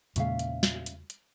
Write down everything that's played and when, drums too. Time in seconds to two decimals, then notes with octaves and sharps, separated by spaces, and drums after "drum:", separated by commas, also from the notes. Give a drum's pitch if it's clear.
0.16 E2 A#2 C#3 G#3 C#4 E5 F5, drum: hi-hat
0.39 drum: hi-hat
0.63 drum: snare
0.86 drum: hi-hat
1.10 drum: hi-hat